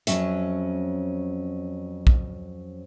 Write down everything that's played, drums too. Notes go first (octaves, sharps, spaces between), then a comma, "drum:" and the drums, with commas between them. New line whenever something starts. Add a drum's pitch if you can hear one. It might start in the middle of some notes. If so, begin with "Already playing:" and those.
F2 F#3 C#4 E5, drum: hi-hat
drum: kick